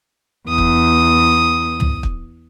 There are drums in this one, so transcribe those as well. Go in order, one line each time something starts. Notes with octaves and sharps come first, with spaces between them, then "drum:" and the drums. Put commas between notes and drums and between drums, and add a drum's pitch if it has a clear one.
E2 D#6
drum: kick
drum: tom
drum: kick